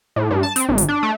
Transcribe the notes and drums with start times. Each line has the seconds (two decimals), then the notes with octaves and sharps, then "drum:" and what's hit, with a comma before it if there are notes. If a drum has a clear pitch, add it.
0.16 A2
0.31 G2
0.43 A5
0.56 C4, drum: hi-hat
0.69 G#1
0.78 drum: hi-hat
0.89 D4
1.03 A3